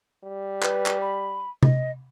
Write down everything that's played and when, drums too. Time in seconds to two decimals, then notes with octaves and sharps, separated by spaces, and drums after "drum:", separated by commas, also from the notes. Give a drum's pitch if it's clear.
0.24 G3
0.63 B4, drum: clap
0.86 drum: clap
1.01 B5
1.63 D#5, drum: tom C3